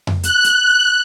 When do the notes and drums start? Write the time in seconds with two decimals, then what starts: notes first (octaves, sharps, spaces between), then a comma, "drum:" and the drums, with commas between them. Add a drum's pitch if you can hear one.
0.07 drum: tom F2
0.23 F#6, drum: hi-hat
0.44 drum: hi-hat